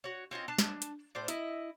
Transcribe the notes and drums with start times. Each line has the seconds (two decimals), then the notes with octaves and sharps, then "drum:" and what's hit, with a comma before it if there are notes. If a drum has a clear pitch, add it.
0.04 F#4 C#5
0.31 C4 C#4 F4 D#5
0.48 D4 A5
0.59 drum: snare
0.82 drum: hi-hat
1.15 A2 C5 D5
1.28 E4 D#5, drum: hi-hat